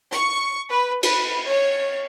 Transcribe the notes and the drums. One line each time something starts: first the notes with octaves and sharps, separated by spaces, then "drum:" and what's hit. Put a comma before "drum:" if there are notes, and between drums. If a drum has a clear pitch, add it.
C#6, drum: hi-hat
B4
B4, drum: cymbal
C#5